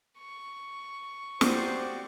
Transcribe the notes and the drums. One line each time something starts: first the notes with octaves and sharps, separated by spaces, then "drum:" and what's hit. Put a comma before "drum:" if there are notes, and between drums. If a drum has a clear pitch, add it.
C#6
F#4 G4 C5 D5, drum: snare